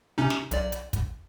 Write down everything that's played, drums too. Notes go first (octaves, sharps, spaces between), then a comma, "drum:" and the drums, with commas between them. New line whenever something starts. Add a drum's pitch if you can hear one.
C3 C#4 D#4
drum: snare
B1 D5, drum: hi-hat
drum: hi-hat
drum: kick, hi-hat